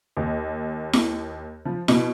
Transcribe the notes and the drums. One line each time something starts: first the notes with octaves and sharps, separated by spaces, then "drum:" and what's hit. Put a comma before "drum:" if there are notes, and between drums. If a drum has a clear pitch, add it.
D#2
drum: snare E4
F3
B2, drum: snare E4